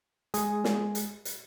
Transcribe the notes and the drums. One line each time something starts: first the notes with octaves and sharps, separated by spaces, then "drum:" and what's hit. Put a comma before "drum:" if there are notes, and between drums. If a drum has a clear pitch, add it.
G#3 G#4, drum: hi-hat
drum: snare
drum: hi-hat
drum: hi-hat